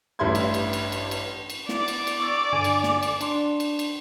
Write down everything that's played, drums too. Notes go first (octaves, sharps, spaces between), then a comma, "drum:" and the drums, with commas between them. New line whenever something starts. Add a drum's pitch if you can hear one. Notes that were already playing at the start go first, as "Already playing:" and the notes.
A1 G2 G3 E4 C6 G#6
drum: cymbal
drum: cymbal
drum: cymbal
drum: cymbal
drum: cymbal
drum: cymbal
B3 E4 D5, drum: snare
drum: cymbal
drum: cymbal
C#6 E6 A6
G2 D3 G#5
drum: cymbal
drum: snare
drum: cymbal
D4 C6, drum: cymbal
drum: cymbal
drum: cymbal